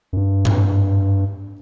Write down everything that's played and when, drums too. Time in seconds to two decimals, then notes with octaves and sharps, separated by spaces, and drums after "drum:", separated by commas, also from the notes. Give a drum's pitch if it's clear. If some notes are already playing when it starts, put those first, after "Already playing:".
0.13 F#2
0.17 G2
0.45 drum: tom G#2